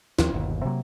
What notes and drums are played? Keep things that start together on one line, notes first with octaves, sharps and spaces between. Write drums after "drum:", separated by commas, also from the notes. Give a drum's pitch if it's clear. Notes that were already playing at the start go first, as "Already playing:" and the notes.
D#2 F3 G3 C4, drum: snare E4
G1 D#2 B2
C3 F#3 A#3